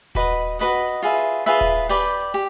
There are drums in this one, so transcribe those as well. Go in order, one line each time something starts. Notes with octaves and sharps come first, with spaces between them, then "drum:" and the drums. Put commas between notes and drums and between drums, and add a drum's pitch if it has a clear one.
F#4 B4 D#5 F#5, drum: kick D#1, hi-hat
F#4 B4 D#5 F#5, drum: hi-hat
drum: hi-hat
F4 G#4 B4 E5, drum: hi-hat
drum: hi-hat
F4 G#4 B4 E5, drum: hi-hat
drum: kick D#1, hi-hat
drum: hi-hat
G4 B4 D5 G5, drum: hi-hat
drum: hi-hat
drum: hi-hat
G4, drum: hi-hat